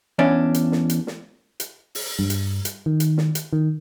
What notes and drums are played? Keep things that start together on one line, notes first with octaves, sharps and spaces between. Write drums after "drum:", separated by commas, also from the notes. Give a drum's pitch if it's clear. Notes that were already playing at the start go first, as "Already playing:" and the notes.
E2 C#4 D4
drum: hi-hat
drum: snare
drum: hi-hat
drum: snare
drum: hi-hat
drum: open hi-hat
G2
drum: hi-hat
drum: hi-hat
D#3
drum: hi-hat
drum: snare
drum: hi-hat
D#3